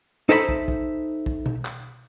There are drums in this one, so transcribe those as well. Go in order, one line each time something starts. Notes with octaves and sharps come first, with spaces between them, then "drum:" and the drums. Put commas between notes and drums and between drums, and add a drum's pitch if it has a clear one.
D#4 A4 C5 E5 A#5 B5
drum: kick
drum: kick
drum: kick
drum: tom B2
drum: clap